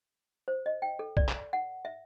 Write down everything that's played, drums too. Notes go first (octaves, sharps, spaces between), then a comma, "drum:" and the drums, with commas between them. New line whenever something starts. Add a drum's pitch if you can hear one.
C5
D#5
G5
A4
D5, drum: kick B1
drum: clap
F#5
E5